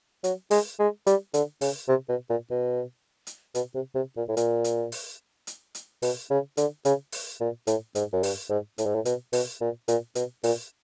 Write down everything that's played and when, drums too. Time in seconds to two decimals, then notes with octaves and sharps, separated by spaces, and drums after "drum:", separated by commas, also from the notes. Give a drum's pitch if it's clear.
0.24 F#3, drum: hi-hat
0.51 G#3, drum: open hi-hat
0.79 G#3
1.07 G3, drum: hi-hat
1.34 D3, drum: hi-hat
1.61 C#3, drum: open hi-hat
1.88 C3
2.09 B2
2.30 A#2
2.50 B2
3.27 drum: hi-hat
3.55 B2, drum: hi-hat
3.74 C3
3.95 C3
4.17 A#2
4.29 A2
4.37 A#2, drum: hi-hat
4.64 drum: hi-hat
4.92 drum: open hi-hat
5.47 drum: hi-hat
5.75 drum: hi-hat
6.02 B2, drum: open hi-hat
6.30 C#3
6.57 D3, drum: hi-hat
6.85 C#3, drum: hi-hat
7.12 drum: open hi-hat
7.40 A#2
7.67 A2, drum: hi-hat
7.95 G#2, drum: hi-hat
8.13 F#2
8.23 G2, drum: open hi-hat
8.50 G#2
8.78 A2, drum: hi-hat
8.86 G#2
8.95 A2
9.05 B2, drum: hi-hat
9.33 B2, drum: open hi-hat
9.61 A#2
9.88 A#2, drum: hi-hat
10.15 B2, drum: hi-hat
10.44 A#2, drum: open hi-hat